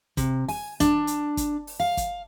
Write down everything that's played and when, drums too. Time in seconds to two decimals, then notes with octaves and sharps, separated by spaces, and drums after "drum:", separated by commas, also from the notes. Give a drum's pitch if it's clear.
0.17 C3, drum: kick, hi-hat
0.48 G#5, drum: open hi-hat
0.80 D4, drum: kick, hi-hat
1.07 drum: hi-hat
1.37 drum: kick, hi-hat
1.67 drum: open hi-hat
1.80 F5
1.97 drum: kick, hi-hat